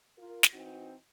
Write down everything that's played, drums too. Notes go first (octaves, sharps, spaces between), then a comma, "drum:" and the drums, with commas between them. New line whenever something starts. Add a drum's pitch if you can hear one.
F4 A#4
drum: snare
E3 C4 D#4 F#4